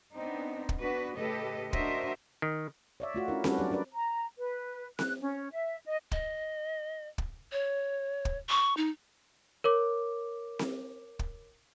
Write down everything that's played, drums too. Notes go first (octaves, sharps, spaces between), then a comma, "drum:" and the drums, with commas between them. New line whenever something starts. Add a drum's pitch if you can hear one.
B3 C4 D4 D#4
drum: kick
B3 D4 F#4 B4
A2 C#3 G4 A4 B4 D#5
D4 F#4 A#4 C5 D#5 E5, drum: kick
D#3
C#5 D5 E5
A3 F4 F#4
C#4 D4 E4 A#4
G3 C#4 D4 F#4 A4 B4, drum: snare C4
F#3 D4 D5
C#4 D4 A#4 B4 D5
A#5
B4
F#6, drum: snare C4
C#4
E5
D#5
D#5, drum: kick
drum: kick
C#5
drum: kick
C#6
D#4
A#4 C#5 D6
drum: snare C4
drum: kick